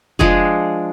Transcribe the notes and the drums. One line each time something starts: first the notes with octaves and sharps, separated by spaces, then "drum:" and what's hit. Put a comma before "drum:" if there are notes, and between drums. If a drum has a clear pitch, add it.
F3 G#3 D4 G#4, drum: kick F1